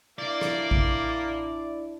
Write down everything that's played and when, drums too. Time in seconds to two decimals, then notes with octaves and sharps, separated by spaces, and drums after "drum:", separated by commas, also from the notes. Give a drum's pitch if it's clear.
0.19 A#3 D4 E4 D5
0.41 drum: rim click
0.71 drum: kick A1